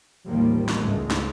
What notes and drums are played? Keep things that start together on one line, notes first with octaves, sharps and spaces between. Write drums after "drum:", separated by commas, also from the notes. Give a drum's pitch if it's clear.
A1 D#2 D#3 F3 G3 A#3
drum: snare
C#2 G#2 C#3 G#3 A3
drum: snare